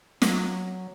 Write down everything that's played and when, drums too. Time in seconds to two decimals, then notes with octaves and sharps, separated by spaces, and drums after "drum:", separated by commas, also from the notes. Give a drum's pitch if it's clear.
0.22 F#3, drum: snare